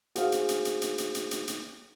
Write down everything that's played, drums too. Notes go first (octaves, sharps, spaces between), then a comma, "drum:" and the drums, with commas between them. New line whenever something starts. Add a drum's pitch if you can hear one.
F#4 G#4 C5 F5, drum: hi-hat
drum: hi-hat
drum: hi-hat
drum: hi-hat
drum: hi-hat
drum: hi-hat
drum: hi-hat
drum: hi-hat
drum: hi-hat